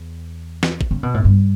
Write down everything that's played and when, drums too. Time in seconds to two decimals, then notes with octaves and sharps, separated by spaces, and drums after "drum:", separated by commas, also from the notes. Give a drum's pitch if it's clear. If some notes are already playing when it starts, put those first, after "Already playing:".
Already playing: E2
0.63 drum: snare
0.81 drum: kick
0.91 C#3
1.03 B2
1.14 A2
1.24 G2